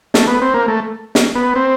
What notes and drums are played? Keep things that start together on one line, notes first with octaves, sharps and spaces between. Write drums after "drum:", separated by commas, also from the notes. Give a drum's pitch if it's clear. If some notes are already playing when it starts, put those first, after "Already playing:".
A3, drum: snare
B3
C4
A#3
A3
drum: snare
B3
C4